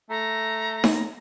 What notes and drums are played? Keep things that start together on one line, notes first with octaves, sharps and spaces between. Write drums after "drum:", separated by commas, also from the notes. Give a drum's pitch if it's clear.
A3 A#5
drum: snare D#4